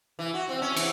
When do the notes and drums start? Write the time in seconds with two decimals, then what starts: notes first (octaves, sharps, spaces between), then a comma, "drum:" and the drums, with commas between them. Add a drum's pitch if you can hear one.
0.19 E3
0.34 F#4
0.49 C4
0.62 C#4
0.76 E3, drum: cymbal